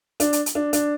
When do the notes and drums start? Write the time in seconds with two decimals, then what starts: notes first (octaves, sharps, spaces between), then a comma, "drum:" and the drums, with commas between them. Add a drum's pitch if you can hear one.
0.20 D4, drum: hi-hat
0.33 drum: hi-hat
0.46 drum: hi-hat
0.55 D4
0.73 D4, drum: hi-hat